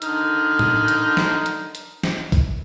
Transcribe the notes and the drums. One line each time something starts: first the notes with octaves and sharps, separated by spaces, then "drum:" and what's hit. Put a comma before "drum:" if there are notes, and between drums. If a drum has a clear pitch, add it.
D3 D#4 F6, drum: hi-hat
drum: tom A2
drum: hi-hat
drum: snare
drum: hi-hat
drum: hi-hat
drum: snare
drum: kick, open hi-hat